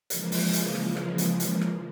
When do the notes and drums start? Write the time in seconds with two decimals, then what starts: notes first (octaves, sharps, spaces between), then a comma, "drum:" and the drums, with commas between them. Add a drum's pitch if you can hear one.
0.10 C#3 E3 F3 G#3 A#3, drum: hi-hat
0.32 drum: open hi-hat
0.53 drum: hi-hat
0.75 drum: rim click
0.97 drum: rim click
1.18 drum: hi-hat
1.40 drum: hi-hat
1.61 drum: rim click